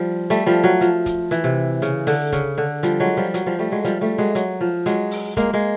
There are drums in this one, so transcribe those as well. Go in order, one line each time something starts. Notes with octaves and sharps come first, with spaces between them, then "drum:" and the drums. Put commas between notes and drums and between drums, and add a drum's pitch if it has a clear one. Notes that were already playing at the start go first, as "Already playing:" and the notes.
Already playing: F3 G3
G3 A3, drum: hi-hat
F3 G3
F#3
F3, drum: hi-hat
drum: kick, hi-hat
E3, drum: hi-hat
C3
C#3, drum: hi-hat
D3, drum: open hi-hat
C#3, drum: kick, hi-hat
D3
F3 G3, drum: hi-hat
F#3 G#3
F3 G3
F#3, drum: hi-hat
F3 G3
G3 A3
F#3 G#3
F3 G3, drum: hi-hat
G3 A3
F#3 G#3
F#3, drum: hi-hat
F3
F#3 G#3, drum: hi-hat
drum: open hi-hat
G#3 A#3, drum: kick, hi-hat
G#3 A#3